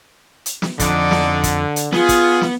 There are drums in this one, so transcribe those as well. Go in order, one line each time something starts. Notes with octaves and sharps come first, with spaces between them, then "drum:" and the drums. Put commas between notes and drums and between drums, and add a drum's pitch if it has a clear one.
drum: hi-hat
drum: snare
F2 D3 D4 D#4 D5, drum: kick, hi-hat
drum: snare
drum: kick, hi-hat
drum: hi-hat
B3 F4 G#4, drum: snare
drum: kick, hi-hat
drum: snare